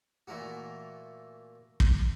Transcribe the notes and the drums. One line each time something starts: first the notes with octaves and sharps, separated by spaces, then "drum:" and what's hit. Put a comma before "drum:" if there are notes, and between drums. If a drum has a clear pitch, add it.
A#2 E3 A3 A#3 F#4
drum: kick